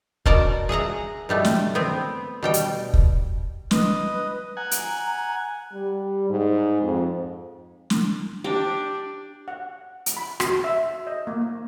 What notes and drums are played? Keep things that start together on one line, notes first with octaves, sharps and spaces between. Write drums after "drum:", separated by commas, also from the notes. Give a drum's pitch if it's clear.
B2 A#4 D5 F#5 A5 A#5, drum: kick
G#4 E5 F#5 A#5
B2 G3 A3
drum: snare
B3 C4
B2 G3 G5
drum: hi-hat
drum: kick
B4 D#5, drum: snare
F#5 G#5 A#5
drum: hi-hat
G3
G#2
F2
drum: snare
D4 G4
F#5
drum: hi-hat
B5
F#4, drum: rim click
E5
D#5
A#3
A#3